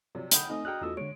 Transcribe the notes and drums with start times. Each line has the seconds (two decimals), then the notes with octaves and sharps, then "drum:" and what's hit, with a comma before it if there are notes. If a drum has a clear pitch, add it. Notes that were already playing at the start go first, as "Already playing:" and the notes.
0.15 C3 F3 F#3 D5
0.31 B1 D3 F#5 G5 B5 D#6 F6, drum: hi-hat
0.50 A3 C4 D#4 D#5 G#5 F6
0.65 D4 F#4 G#4 G5 A#5 F6 F#6
0.81 E2 E3 A3 D4 F4 F#4 E6
0.97 D3 G#3 C#5 D7